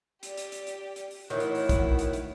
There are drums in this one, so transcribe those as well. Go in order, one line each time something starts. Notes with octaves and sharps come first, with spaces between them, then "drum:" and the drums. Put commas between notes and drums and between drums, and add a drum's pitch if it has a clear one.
G4 D5, drum: hi-hat
drum: hi-hat
drum: hi-hat
drum: hi-hat
drum: hi-hat
drum: open hi-hat
A2 D#3 E3 F#3 E4 F#5
drum: hi-hat
drum: open hi-hat
drum: kick, hi-hat
drum: hi-hat
drum: hi-hat